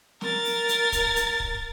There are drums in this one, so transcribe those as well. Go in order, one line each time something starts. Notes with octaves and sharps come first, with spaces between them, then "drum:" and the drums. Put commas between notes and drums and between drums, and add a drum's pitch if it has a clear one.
A#4 A6, drum: snare
drum: open hi-hat
drum: hi-hat
drum: kick, hi-hat
drum: hi-hat
drum: kick